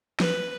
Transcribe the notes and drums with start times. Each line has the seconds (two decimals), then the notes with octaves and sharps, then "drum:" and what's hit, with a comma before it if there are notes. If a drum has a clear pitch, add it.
0.20 B4, drum: snare